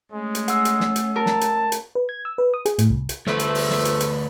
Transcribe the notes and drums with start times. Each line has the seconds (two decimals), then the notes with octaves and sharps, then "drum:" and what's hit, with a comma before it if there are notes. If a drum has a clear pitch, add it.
0.12 G#3 A3 C#4
0.35 drum: hi-hat
0.48 F#5 E6, drum: hi-hat
0.65 drum: hi-hat
0.80 drum: snare
0.96 drum: hi-hat
1.16 A#4 A5
1.26 drum: snare
1.41 drum: hi-hat
1.72 drum: hi-hat
1.95 B4
2.09 G#6
2.25 E6
2.38 B4
2.54 D#6
2.66 G#4, drum: hi-hat
2.79 A2, drum: hi-hat
2.90 C2
3.09 drum: hi-hat
3.27 D2 F3 A3 B4, drum: snare
3.39 drum: hi-hat
3.55 drum: open hi-hat
3.70 drum: snare
3.85 drum: hi-hat
4.00 drum: hi-hat